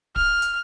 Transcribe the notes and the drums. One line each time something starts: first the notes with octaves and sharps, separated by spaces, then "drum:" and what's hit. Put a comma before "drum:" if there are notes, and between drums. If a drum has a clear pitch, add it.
F6, drum: kick
drum: hi-hat